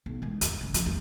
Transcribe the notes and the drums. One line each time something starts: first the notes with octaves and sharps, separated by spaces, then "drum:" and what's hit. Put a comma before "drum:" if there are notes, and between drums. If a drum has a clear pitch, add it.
B1
E3 G#3
G#1 E2, drum: hi-hat
C#3 G#3
F3, drum: hi-hat
G1 E2